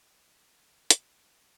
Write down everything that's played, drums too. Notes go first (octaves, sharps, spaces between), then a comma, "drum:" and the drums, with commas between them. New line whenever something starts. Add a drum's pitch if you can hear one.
G#2 D#3
C3 A#3 A#5
D#4, drum: hi-hat